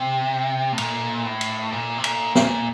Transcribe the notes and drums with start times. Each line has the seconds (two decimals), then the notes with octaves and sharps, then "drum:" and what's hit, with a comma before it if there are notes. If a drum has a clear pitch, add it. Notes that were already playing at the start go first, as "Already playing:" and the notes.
Already playing: C3
0.72 A2
0.78 A#2, drum: cymbal
1.25 A2
1.41 drum: cymbal
1.72 A#2
1.98 C3
2.04 A#2, drum: cymbal
2.35 A#2, drum: snare